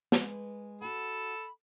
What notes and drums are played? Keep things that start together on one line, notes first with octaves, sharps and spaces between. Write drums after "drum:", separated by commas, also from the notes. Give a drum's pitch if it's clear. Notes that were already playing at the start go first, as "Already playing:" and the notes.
G#3 B4, drum: snare
F#4 A4 F#5 B5